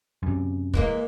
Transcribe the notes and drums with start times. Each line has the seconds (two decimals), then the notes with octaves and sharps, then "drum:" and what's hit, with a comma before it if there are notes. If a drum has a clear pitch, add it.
0.23 F#2 C3
0.74 E3 G#3 A#3, drum: kick